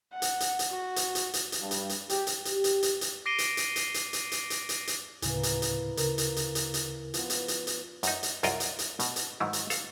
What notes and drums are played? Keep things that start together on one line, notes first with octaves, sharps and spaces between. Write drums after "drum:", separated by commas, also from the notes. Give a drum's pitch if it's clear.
F#5
drum: hi-hat
drum: hi-hat
drum: hi-hat
F#4
drum: hi-hat
drum: hi-hat
drum: hi-hat
drum: hi-hat
G2
drum: hi-hat
drum: hi-hat
G4, drum: hi-hat
drum: hi-hat
G4, drum: hi-hat
drum: hi-hat
drum: hi-hat
drum: hi-hat
D6 A#6 C7 D7 D#7 G7
drum: hi-hat
drum: hi-hat
drum: hi-hat
drum: hi-hat
drum: hi-hat
drum: hi-hat
drum: hi-hat
drum: hi-hat
drum: hi-hat
D2 A2 C#3 E3 A#3, drum: hi-hat
drum: hi-hat
drum: hi-hat
D2 C#3 A#4, drum: hi-hat
drum: hi-hat
drum: hi-hat
drum: hi-hat
drum: hi-hat
F3 B3, drum: hi-hat
drum: hi-hat
drum: hi-hat
drum: hi-hat
F#2 D#4, drum: hi-hat
drum: hi-hat
C2 F#2 F4 A#4 C#5 D#5, drum: hi-hat
drum: hi-hat
drum: hi-hat
B2, drum: hi-hat
drum: hi-hat
G#2 D#3 E3 F#3
drum: hi-hat
A4 F5, drum: hi-hat